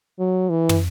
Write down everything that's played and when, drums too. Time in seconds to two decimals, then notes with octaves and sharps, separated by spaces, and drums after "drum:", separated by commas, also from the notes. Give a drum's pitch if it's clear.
0.19 F#3
0.50 E3
0.69 drum: tom